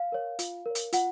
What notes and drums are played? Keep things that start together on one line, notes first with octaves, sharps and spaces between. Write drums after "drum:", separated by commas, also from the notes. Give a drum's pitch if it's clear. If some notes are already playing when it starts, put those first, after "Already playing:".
Already playing: F5
A#4 C#5
F4, drum: hi-hat
A#4 C#5
drum: hi-hat
F4 F#5, drum: hi-hat